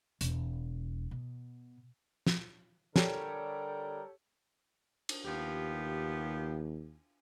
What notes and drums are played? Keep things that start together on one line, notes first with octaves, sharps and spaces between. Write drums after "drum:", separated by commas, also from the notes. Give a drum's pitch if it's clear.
E1, drum: hi-hat
B2
drum: snare
D3 G3 G4 A4 A#4 C#5, drum: snare
drum: cymbal
D#2 F3 B3 G4